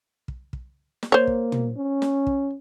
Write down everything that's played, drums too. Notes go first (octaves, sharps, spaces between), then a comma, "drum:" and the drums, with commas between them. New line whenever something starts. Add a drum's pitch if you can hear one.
drum: kick
drum: kick
drum: snare
A#3 C5 C#5
drum: kick
drum: tom
C#4
drum: snare
drum: kick